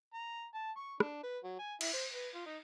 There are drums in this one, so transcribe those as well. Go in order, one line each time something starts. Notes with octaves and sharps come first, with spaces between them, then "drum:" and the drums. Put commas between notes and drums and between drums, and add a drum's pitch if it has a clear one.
A#5
A5
C#6
D4, drum: rim click
B4
F#3
G#5
E4, drum: cymbal
C5
B4
F4
D#4